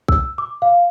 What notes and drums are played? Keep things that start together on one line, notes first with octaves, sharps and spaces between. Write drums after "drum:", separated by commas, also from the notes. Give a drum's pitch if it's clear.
E6, drum: kick
D6
F5